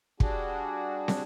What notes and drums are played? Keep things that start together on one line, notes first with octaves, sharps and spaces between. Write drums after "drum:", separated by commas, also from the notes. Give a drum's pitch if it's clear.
G3 D4 F#4 G#4, drum: kick
drum: snare